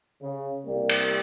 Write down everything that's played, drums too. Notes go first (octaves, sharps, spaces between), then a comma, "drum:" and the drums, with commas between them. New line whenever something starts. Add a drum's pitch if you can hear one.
C#3
C2 G3 A#3
drum: cymbal